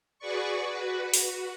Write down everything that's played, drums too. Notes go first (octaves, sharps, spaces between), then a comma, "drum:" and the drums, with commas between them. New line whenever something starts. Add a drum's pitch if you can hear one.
F#4 G#4 B4 D5 C#6
F#4 B4
F#4, drum: open hi-hat